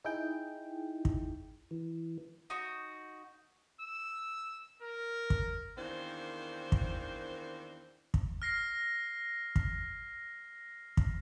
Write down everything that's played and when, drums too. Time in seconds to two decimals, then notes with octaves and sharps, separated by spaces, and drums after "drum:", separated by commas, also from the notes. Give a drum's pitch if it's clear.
0.05 D#4 E4 G#4 G5
1.05 drum: kick
1.71 E3
2.50 D#4 F#4
3.81 E6
4.82 A#4
5.30 drum: kick
5.77 E2 D#3 A#3 C4 D4 C5
6.72 drum: kick
8.14 drum: kick
8.42 F6 A#6 C7
9.56 drum: kick
10.97 drum: kick